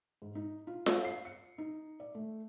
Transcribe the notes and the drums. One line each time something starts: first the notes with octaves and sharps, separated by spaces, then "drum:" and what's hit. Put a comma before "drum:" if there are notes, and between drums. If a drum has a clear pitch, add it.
G#2
D#4
F4
drum: snare F4
C7
C#7
D#4
D5
A3